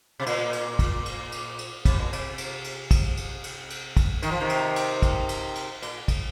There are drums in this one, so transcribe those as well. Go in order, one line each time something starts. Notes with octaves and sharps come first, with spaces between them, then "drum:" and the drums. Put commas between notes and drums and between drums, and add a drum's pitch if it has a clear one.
C3
A#2, drum: cymbal
drum: cymbal
drum: kick, cymbal
drum: cymbal
drum: cymbal
drum: cymbal
C3, drum: kick, cymbal
A#2
C3, drum: cymbal
drum: cymbal
drum: cymbal
drum: kick, cymbal
drum: cymbal
drum: cymbal
drum: cymbal
drum: kick, cymbal
D#3, drum: cymbal
F3
C3 D#3
drum: cymbal
drum: cymbal
drum: kick, cymbal
drum: cymbal
drum: cymbal
A#2, drum: cymbal
drum: kick, cymbal